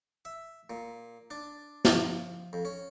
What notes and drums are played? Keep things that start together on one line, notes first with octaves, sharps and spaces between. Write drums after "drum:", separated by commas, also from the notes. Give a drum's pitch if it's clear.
E5
A#2
D4
F3, drum: snare
F2
C#4